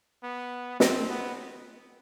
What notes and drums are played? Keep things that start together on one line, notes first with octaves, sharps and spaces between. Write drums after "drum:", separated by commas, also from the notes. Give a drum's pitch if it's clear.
B3
C4, drum: snare
B3